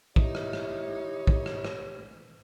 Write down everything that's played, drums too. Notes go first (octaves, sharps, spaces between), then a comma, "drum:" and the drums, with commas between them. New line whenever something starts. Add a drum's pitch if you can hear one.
D#4 E4 G4 C#5, drum: kick
drum: rim click
drum: rim click
drum: kick
drum: rim click
drum: rim click